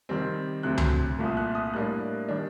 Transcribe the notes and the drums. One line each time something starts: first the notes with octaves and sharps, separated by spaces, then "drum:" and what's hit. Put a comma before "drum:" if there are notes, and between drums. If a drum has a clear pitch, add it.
C3 D#3 G3 C4
D2 C3 F#3 C4 F#6
drum: tom C#2
C2 A#2 A3
D#6
F#6
D#6
A2 G3 A#3 D4 F#6
D#3 G3 D4